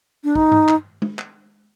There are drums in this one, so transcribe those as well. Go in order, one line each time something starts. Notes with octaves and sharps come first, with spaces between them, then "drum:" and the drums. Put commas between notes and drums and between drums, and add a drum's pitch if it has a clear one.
D4
D#4, drum: kick
drum: tom G2
drum: clap
drum: tom G#3
drum: clap